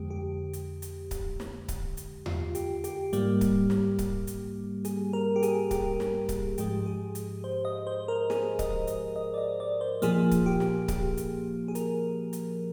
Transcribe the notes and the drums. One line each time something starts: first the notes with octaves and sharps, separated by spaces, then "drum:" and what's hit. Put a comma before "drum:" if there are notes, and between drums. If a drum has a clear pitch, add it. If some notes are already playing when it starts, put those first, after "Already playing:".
Already playing: F2 D3 G#3 G4
G4
drum: hi-hat
drum: hi-hat
drum: kick C#1, hi-hat
drum: snare
drum: kick C#1, hi-hat
drum: hi-hat
F4, drum: tom E2
G4, drum: hi-hat
G4, drum: hi-hat
G#2 G3 A#3, drum: hi-hat
drum: kick C#1, hi-hat
drum: snare
drum: kick C#1, hi-hat
drum: hi-hat
G#4, drum: hi-hat
A#4
G4
G#4, drum: hi-hat
G4, drum: kick C#1, hi-hat
drum: snare
drum: kick C#1, hi-hat
G#2 F3 G#3 G4, drum: hi-hat
G#4
drum: hi-hat
C5
D#5
C5
A#4
G#4, drum: snare
D#5, drum: kick C#1, hi-hat
D#5, drum: hi-hat
D#5
D5
D#5
D5
C5
A#2 F3 A#3 G#4, drum: hi-hat
drum: kick C#1, hi-hat
G4
drum: snare
G4, drum: kick C#1, hi-hat
G4, drum: hi-hat
G#4
A#4, drum: hi-hat
drum: hi-hat